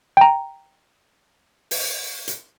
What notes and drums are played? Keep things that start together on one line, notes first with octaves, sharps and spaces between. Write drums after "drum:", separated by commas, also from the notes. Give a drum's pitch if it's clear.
G5 A#5
drum: open hi-hat
drum: hi-hat